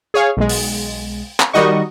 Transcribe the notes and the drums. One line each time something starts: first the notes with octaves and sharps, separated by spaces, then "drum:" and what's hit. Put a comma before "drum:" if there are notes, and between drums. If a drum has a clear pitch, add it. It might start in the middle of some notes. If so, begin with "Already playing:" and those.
G#4 C#5 F5
B1 G#3
drum: open hi-hat
drum: clap
D#3 G3 D#4 F#4 D#5 C#6